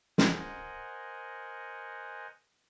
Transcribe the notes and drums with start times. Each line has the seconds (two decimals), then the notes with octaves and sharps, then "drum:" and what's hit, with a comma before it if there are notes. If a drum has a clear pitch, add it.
0.18 A#4 C5 D#5 F#5 G#5, drum: snare